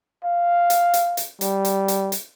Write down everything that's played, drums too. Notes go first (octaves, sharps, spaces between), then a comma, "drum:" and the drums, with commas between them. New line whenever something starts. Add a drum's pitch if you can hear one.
F5
drum: hi-hat
drum: hi-hat
drum: hi-hat
G3, drum: hi-hat
drum: hi-hat
drum: hi-hat
drum: hi-hat